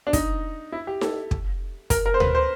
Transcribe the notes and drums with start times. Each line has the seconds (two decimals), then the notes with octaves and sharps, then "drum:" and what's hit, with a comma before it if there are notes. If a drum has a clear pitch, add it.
0.07 D4
0.13 D#4, drum: kick, hi-hat
0.72 E4
0.87 G4
1.01 A4, drum: snare D#4
1.31 drum: kick
1.90 A#4, drum: kick, hi-hat
2.06 A#4
2.14 C5
2.20 B4, drum: tom D2
2.35 C5